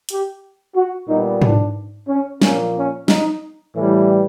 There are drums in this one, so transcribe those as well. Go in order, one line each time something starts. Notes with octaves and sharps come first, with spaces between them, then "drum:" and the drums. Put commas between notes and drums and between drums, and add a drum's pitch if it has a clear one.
G4, drum: hi-hat
F#4
A#2 G3 B3 D#4
D4, drum: tom G#2
C#4
A#2 F3 A#3 C#4, drum: snare
C#4
D#4, drum: snare
A2 E3 G3